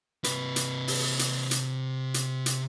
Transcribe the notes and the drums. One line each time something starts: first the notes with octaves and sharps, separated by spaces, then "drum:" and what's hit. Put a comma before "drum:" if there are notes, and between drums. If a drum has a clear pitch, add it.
C3 B4, drum: hi-hat
drum: hi-hat
drum: open hi-hat
drum: hi-hat
drum: hi-hat
drum: hi-hat
drum: hi-hat